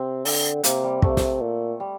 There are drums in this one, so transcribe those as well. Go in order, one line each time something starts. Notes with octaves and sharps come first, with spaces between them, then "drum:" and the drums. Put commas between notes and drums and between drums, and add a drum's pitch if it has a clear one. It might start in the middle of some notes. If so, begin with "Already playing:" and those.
Already playing: C3 C4
D3, drum: open hi-hat
C3 A#3, drum: hi-hat
G3
C3 A3, drum: kick
drum: snare
A#2
G3